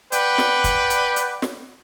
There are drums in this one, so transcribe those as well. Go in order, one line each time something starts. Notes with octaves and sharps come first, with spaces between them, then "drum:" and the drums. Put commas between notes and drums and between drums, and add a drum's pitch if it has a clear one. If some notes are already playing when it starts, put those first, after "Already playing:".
B4 D5 F#5 G5, drum: hi-hat
drum: snare
drum: kick, hi-hat
drum: hi-hat
drum: hi-hat
drum: snare